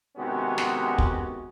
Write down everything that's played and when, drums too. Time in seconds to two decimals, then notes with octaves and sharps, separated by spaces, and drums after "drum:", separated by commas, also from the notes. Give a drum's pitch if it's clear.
0.17 C3 D#3 G#3 B3 C#4 F#4
0.58 drum: snare
0.98 drum: kick